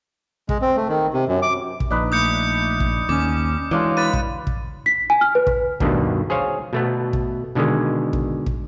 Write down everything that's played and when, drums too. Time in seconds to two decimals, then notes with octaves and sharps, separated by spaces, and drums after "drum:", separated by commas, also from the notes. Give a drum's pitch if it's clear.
0.49 G#3, drum: kick
0.62 C4
0.77 A3
0.89 D#3
1.14 C3
1.28 F#2
1.42 D6
1.80 drum: kick
1.91 A#1 D4 D#4 B4
2.12 A3 D#6 G6 C#7
2.80 drum: kick
3.09 D#2 C#4 D6
3.71 E3 F#3 G#3 D4 F5
3.97 B4 A6 D#7
4.13 drum: kick
4.47 drum: kick
4.86 B6
5.10 G#5
5.21 F6
5.35 B4
5.47 drum: kick
5.80 D2 G2 B2 D3 D#3, drum: kick
6.30 G#4 C5 C#5 F5
6.73 B2 A3 B3
7.13 drum: kick
7.55 B2 D3 D#3 G#3
8.13 drum: kick
8.46 drum: kick